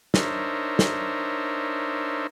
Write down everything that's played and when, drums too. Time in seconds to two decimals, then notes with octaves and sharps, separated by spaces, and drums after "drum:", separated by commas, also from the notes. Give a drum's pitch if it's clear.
0.14 D4 D#4 A#4 C5 C#5 E5, drum: snare
0.79 drum: snare